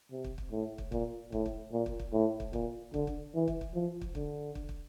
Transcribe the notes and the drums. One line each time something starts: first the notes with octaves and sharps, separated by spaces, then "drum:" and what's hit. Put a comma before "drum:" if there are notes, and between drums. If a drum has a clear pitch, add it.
C3
drum: kick
drum: kick
A2
drum: kick
A#2, drum: kick
A2, drum: kick
drum: kick
A#2
drum: kick
drum: kick
A2
drum: kick
A#2, drum: kick
D3, drum: kick
drum: kick
E3
drum: kick
drum: kick
F3
drum: kick
D3, drum: kick
drum: kick
drum: kick